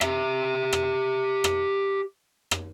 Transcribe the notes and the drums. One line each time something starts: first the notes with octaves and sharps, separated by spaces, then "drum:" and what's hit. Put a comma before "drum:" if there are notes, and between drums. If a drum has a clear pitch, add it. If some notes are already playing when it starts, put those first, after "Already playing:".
G4 E5, drum: rim click
drum: rim click
drum: rim click
drum: rim click